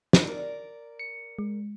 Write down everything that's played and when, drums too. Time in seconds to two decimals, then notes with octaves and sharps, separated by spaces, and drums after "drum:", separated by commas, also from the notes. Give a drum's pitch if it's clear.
0.13 drum: snare
0.24 A#4 D5
0.99 C#7
1.39 G#3